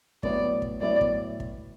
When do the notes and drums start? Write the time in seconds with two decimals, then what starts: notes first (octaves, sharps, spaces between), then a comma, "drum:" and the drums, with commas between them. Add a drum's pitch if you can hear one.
0.23 A2 F#3 B3 E4 D5, drum: kick
0.62 drum: kick
0.81 A2 F#3 B3 E4 D5
1.01 drum: kick
1.40 drum: kick